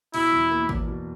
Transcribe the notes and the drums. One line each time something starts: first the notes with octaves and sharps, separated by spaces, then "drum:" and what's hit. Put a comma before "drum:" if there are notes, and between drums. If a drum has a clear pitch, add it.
B2 E4, drum: open hi-hat
E2
A#3
E2, drum: kick G#1
B2